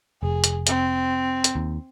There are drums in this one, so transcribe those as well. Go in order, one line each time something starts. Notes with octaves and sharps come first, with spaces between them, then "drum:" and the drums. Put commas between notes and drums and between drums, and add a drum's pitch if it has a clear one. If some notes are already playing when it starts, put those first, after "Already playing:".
F1 G#4
drum: hi-hat
C4, drum: hi-hat
drum: hi-hat
D#2